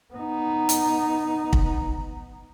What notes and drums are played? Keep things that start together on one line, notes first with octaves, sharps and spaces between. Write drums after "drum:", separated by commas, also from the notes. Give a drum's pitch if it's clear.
B3 D#4
drum: hi-hat
drum: kick